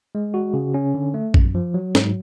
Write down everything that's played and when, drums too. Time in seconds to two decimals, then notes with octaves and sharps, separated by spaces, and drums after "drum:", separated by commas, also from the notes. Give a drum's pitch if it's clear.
0.15 G#3
0.34 F#4
0.54 C#3
0.74 C#4
0.94 D3
1.14 A3
1.34 F#2, drum: kick
1.55 F3
1.74 F#3
1.95 G#2, drum: snare